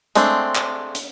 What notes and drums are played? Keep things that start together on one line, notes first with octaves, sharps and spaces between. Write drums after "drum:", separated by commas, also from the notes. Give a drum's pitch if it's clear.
G#3 A3 C4 D4, drum: hi-hat
drum: clap
drum: hi-hat